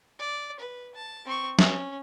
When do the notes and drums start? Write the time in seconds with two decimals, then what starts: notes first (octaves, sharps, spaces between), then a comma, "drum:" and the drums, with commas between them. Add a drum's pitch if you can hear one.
0.20 D5
0.60 B4
0.95 A5
1.26 C4 C#6
1.59 C#4, drum: snare